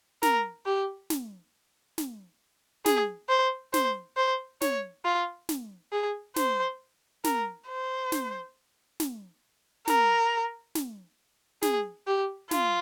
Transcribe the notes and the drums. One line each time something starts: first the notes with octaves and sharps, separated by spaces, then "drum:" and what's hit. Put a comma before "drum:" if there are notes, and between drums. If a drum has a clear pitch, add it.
A#4, drum: snare
G4
drum: snare
drum: snare
G#4, drum: snare
C5
C5, drum: snare
C5
C#5, drum: snare
F4
drum: snare
G#4
C5, drum: snare
A#4, drum: snare
C5
drum: snare
drum: snare
A#4, drum: snare
drum: snare
G#4, drum: snare
G4
F4, drum: snare